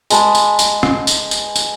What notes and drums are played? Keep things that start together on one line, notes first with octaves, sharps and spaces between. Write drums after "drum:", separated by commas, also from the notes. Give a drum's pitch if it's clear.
G#3 B4 A5 B5, drum: tambourine
drum: tambourine
drum: tambourine
drum: rim click
drum: tambourine
drum: tambourine
drum: tambourine